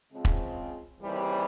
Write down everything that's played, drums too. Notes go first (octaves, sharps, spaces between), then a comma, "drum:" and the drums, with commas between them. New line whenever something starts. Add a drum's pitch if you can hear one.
C#3 F3 G#3 C4 F4
drum: kick E1
D#2 C#3 E3 G3 C4